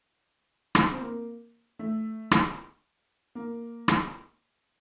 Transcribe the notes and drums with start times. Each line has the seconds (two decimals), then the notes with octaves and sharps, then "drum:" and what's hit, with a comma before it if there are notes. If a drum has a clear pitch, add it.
0.75 drum: rim click
0.91 C4
1.01 A#3
1.79 A3
2.31 drum: rim click
3.35 A#3
3.88 drum: rim click